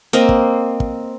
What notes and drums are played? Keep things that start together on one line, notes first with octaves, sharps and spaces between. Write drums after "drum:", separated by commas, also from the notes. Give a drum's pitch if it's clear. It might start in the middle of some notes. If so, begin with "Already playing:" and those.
A#3 C4 A#4 D#5, drum: hi-hat
drum: kick
drum: kick